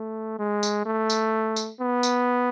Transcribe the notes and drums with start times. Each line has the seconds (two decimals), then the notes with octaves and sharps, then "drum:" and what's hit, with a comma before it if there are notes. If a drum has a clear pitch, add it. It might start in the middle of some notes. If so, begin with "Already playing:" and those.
Already playing: A3
0.39 G#3
0.63 drum: tambourine
0.86 A3
1.10 drum: tambourine
1.56 drum: tambourine
1.80 B3
2.03 drum: tambourine